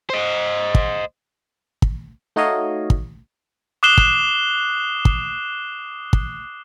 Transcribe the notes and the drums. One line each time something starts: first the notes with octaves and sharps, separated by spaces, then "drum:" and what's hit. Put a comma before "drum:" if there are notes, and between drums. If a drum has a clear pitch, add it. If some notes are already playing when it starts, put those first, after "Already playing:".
C5 D#5
drum: kick
drum: kick
A3 D#4 F#4 C#5 D#5 F5
drum: kick
D6 D#6 F#6 C7 E7 G7
drum: kick
drum: kick
drum: kick